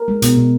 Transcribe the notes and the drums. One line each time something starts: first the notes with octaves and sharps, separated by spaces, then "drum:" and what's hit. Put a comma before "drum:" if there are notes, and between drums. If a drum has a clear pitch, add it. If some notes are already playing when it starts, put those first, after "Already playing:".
Already playing: A#4
G#3
B2, drum: hi-hat
B2